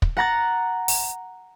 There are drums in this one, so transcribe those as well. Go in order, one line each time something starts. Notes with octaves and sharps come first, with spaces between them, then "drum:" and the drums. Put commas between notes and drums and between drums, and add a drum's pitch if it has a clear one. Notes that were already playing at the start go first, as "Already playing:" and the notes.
drum: kick
F#5 A#5 A6
drum: open hi-hat